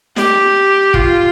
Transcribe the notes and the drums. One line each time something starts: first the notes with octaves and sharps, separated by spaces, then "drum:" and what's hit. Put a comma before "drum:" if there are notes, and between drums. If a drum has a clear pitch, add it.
G4, drum: snare
F4, drum: kick